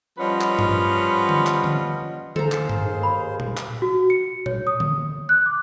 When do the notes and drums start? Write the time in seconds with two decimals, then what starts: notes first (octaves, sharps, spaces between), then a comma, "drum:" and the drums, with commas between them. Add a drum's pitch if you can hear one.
0.18 F3 G3 C#4 B4 D#5 F#5
0.41 drum: clap
0.59 drum: tom G2
1.29 drum: tom D3
1.47 drum: clap
1.64 drum: tom D3
2.36 D#2 G#4 A4 C5 F5 A#5, drum: tom D3
2.52 drum: clap
2.69 drum: tom G2
3.03 B5
3.40 drum: tom A#2
3.57 drum: clap
3.82 F#4
4.10 C#7
4.46 C#5, drum: tom A#2
4.67 D#6
4.80 drum: tom D3
5.29 F#6
5.46 D6